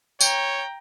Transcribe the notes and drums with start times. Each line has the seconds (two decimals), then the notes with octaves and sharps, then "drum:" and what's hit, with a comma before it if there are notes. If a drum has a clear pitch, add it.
0.21 C#5 G5 A#5, drum: tambourine